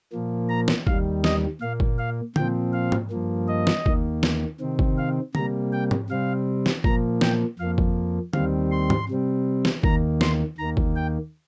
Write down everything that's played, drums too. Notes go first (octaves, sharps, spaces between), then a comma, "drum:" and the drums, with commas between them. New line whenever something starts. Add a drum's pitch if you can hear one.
A#2 F3 A#3
A#5
drum: snare
D#2 D#3 G3 F5, drum: kick G1
D#5, drum: snare
A#2 A#3 F5
drum: kick G1
F5
A#2 F3 C4 G5, drum: tom D3
F5
drum: tom G#2
G2 F3 A#3
D#5
drum: snare
D#2 D#3 A#3, drum: kick G1
drum: snare
C3 D#3 C4
drum: kick G1
F5
C3 G3 A#3 A#5, drum: tom D3
G5
drum: tom G#2
C3 G3 C4 F5
drum: snare
A#2 F3 A#3 A#5, drum: kick G1
G5, drum: snare
F2 F3 A#3 F5
drum: kick G1
D#2 D#3 G3 C4 F5, drum: tom D3
C6
drum: tom G#2
C3 G3 C4
drum: snare
D#2 D#3 A#3 A#5, drum: kick G1
C6, drum: snare
D#2 D#3 A#3 A#5
drum: kick G1
G5